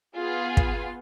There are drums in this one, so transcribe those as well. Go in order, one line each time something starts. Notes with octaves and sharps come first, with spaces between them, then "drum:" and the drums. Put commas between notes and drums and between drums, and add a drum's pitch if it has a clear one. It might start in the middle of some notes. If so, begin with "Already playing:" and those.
B3 F4 G#4
drum: kick